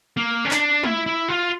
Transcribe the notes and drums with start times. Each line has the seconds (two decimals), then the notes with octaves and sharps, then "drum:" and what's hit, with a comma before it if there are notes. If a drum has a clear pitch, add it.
0.17 A#3
0.45 C#4
0.51 D4, drum: clap
0.84 E4, drum: tom G#3
1.06 E4
1.28 F4